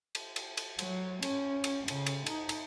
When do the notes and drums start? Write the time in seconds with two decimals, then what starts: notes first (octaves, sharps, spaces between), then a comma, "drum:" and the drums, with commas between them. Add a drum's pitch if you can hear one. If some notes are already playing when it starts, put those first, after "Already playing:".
0.15 drum: cymbal
0.36 drum: cymbal
0.57 drum: cymbal
0.79 F#3, drum: cymbal
1.22 C#4, drum: cymbal
1.64 drum: cymbal
1.88 C#3, drum: cymbal
2.06 drum: cymbal
2.26 D#4, drum: cymbal
2.49 drum: cymbal